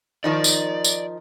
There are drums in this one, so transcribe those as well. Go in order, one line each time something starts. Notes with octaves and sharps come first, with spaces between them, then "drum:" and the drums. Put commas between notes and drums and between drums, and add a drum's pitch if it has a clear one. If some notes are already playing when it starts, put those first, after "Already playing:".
D#3 F3 D#4 D5
drum: tambourine
drum: tambourine